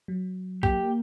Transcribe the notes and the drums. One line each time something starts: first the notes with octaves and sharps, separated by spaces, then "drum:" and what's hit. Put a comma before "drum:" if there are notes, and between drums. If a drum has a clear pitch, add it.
F#3
A#3 G4, drum: kick A#1